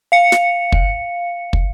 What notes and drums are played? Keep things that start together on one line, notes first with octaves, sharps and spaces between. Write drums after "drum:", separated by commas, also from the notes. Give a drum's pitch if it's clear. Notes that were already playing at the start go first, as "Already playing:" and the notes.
F5 C#7
drum: snare
drum: kick
drum: kick